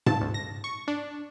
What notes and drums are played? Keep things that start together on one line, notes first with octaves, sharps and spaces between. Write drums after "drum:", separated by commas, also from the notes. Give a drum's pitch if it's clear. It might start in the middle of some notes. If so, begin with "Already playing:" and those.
A5, drum: tom G#2
D2
A#6
C#6
D4